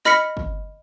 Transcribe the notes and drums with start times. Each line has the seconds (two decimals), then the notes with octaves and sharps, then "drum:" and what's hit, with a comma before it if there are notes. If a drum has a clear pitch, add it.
0.05 D#5 B5 F6 A#6 B6 C#7, drum: snare
0.37 drum: kick